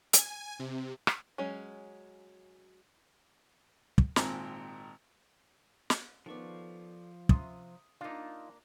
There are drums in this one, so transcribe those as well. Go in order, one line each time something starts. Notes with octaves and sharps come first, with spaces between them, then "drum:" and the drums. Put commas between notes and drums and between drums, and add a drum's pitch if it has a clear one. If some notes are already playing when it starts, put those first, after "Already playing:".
G#5, drum: hi-hat
C3
drum: rim click
F#3 G#3 C#4
drum: kick
G#1 A#2 G#3 C4 A#5, drum: snare
drum: snare
D#3 F3 B3 A4 D5 C#6
C3 C6 D#6, drum: kick
A#3 D4 D#4 F4